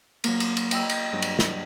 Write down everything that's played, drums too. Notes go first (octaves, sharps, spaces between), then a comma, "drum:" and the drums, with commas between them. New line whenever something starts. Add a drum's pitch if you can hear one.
F#3 A#3, drum: cymbal
drum: cymbal
drum: cymbal
D#5 G5 B5 E6, drum: cymbal
drum: cymbal
G2 F#3
drum: cymbal
drum: snare